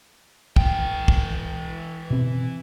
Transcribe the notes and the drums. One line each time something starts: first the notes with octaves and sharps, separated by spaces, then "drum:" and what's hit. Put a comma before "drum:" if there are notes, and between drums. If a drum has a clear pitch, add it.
E3 G5, drum: kick
drum: kick
B2 C4